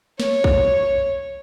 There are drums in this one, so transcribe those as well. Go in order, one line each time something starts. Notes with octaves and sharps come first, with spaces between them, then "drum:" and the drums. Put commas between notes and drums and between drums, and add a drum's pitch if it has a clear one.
C#5, drum: snare
drum: kick